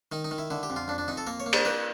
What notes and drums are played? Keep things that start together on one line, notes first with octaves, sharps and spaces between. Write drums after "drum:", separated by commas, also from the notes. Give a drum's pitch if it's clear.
D#3 D#4
D#4
D#3
E4
D3 E4
G4
F2
F4
F2 D4
D4
F2 D#4
A4
A#3 A#4
C#5
A#3
C5, drum: cymbal
A#3 B4